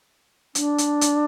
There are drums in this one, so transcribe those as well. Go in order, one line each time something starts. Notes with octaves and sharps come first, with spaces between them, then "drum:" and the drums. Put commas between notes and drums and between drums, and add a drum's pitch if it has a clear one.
D4, drum: hi-hat
drum: hi-hat
drum: hi-hat